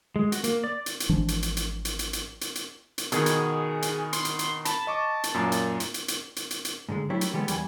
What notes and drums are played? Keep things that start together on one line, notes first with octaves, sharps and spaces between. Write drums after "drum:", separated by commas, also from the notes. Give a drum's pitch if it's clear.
G#3
F#4, drum: hi-hat
A#3, drum: hi-hat
D5
drum: hi-hat
drum: hi-hat
G#1 E3 F3 D4
drum: hi-hat
drum: hi-hat
drum: hi-hat
drum: hi-hat
drum: hi-hat
drum: hi-hat
drum: hi-hat
drum: hi-hat
drum: hi-hat
B2 D#3 B3 G#4, drum: hi-hat
drum: hi-hat
drum: hi-hat
C6, drum: hi-hat
drum: hi-hat
drum: hi-hat
A5 B5, drum: hi-hat
D#5 C#6 D6
drum: hi-hat
F#2 A#2
drum: hi-hat
drum: hi-hat
drum: hi-hat
drum: hi-hat
drum: hi-hat
drum: hi-hat
drum: hi-hat
G#2 D3 G#3
F#3 G3 A3 D4 E4
drum: hi-hat
D3 E3 G3 G#3 B3
E2 G3 G#5, drum: hi-hat